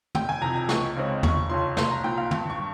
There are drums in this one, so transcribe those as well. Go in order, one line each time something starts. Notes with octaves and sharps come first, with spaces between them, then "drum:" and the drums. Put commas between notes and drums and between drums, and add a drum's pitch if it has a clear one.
F1 G5, drum: tom
G#5
F2 C3 F3 A#5
A#5
C#2 C#6, drum: snare
C#3 G#3 C4
F1 C#6, drum: tom
F2 C#3 F3 C6
C2 C6, drum: snare
A#5
A#2 F3 G5
F5
G2 G5, drum: tom
C#6
G3